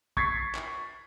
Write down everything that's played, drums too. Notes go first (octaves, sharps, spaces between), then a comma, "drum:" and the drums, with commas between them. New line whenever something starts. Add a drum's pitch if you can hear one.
C#6 G#6 A6 B6 C7, drum: kick
drum: clap